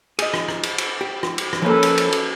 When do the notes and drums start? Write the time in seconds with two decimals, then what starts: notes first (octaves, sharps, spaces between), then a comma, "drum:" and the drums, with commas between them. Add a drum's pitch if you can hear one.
0.19 G#4 D#5, drum: cymbal
0.34 drum: rim click
0.48 drum: rim click
0.63 drum: cymbal
0.78 drum: cymbal
1.01 G4
1.23 drum: rim click
1.38 drum: cymbal
1.53 drum: rim click
1.62 F3 A#3 C#4 A4 B4
1.83 drum: cymbal
1.98 drum: cymbal
2.13 drum: cymbal